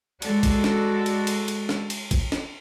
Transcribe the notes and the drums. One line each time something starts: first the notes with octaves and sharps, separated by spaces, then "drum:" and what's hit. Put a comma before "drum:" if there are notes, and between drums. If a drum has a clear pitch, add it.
G#3 F#4 A4 D5, drum: cymbal
drum: kick A1, cymbal
drum: snare
drum: cymbal
drum: cymbal
drum: cymbal
drum: snare
drum: cymbal
drum: kick A1, cymbal
drum: snare